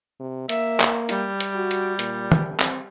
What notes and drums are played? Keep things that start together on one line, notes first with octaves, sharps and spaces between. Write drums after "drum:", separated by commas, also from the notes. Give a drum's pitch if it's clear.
C3
A#3 E5, drum: hi-hat
drum: clap
G3, drum: hi-hat
drum: hi-hat
F#4
drum: hi-hat
A#2, drum: hi-hat
drum: tom
C4, drum: clap